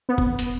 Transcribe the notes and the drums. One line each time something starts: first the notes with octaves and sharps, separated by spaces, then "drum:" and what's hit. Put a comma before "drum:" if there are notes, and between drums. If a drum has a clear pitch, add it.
B3
drum: kick F1
drum: hi-hat